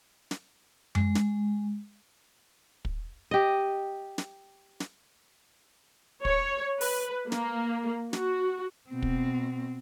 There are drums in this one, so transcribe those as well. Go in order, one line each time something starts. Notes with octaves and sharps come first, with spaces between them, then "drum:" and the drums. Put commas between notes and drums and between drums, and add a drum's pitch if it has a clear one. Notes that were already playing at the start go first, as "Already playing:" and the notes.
drum: snare
G#3, drum: tom F#2
drum: snare
drum: kick
G4 D#5
drum: snare
drum: snare
C#5, drum: kick
B4, drum: open hi-hat
A#3, drum: snare
F#4, drum: snare
B2 C4
drum: kick